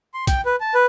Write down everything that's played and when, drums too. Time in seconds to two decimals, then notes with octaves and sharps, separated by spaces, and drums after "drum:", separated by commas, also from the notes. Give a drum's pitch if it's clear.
0.14 C6
0.27 G5, drum: kick B1, hi-hat
0.46 B4
0.61 A5
0.74 B4